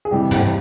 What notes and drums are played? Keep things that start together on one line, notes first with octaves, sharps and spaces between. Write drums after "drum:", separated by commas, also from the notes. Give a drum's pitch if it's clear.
G#4
F2 C3 E3 G3 G4
drum: tom G2